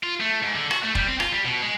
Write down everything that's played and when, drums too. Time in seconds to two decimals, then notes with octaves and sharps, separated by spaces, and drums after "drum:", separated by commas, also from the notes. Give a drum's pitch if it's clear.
0.03 F4
0.20 A3
0.43 G#2
0.55 D3
0.71 F#4, drum: rim click
0.83 A3
0.95 G3, drum: kick
1.08 C4
1.20 F4, drum: rim click
1.32 G3
1.45 B2
1.62 G#3